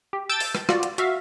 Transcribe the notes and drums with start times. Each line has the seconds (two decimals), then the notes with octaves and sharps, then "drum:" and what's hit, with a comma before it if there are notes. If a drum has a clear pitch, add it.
0.13 G4
0.29 A5 E6 G6 A6 D7
0.40 drum: open hi-hat
0.55 drum: rim click
0.69 F4 F#4 D5, drum: rim click
0.83 drum: hi-hat
0.98 F#4 E5 F5, drum: hi-hat